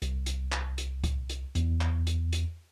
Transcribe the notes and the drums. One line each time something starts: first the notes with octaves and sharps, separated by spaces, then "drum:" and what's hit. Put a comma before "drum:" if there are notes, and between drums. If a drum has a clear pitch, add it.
C2, drum: hi-hat
drum: hi-hat
drum: clap
drum: hi-hat
drum: kick C#2, hi-hat
drum: hi-hat
E2, drum: hi-hat
drum: clap
drum: hi-hat
drum: hi-hat